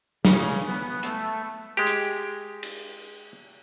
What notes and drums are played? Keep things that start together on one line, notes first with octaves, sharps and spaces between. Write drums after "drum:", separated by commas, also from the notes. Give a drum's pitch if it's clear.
C#3, drum: snare
B3
A3, drum: hi-hat
G#3 G4
drum: hi-hat
drum: cymbal